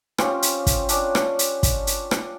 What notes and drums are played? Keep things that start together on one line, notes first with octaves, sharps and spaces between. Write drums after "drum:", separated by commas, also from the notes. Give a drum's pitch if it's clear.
C4 C#4 F4 G4, drum: rim click
drum: hi-hat
drum: kick, hi-hat
C#4 D4 D5, drum: hi-hat
drum: rim click
drum: hi-hat
drum: kick, hi-hat
drum: hi-hat
drum: rim click